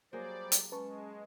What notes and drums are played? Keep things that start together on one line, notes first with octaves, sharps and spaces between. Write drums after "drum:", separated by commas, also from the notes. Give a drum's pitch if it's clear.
F#3 G3 A#3 G#4 C5 D5
drum: hi-hat
G#3 C#4 B4 A5 C#6